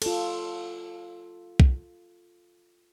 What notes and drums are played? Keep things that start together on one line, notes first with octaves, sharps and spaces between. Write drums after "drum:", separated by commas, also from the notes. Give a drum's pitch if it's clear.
F4 A4, drum: cymbal
drum: kick B1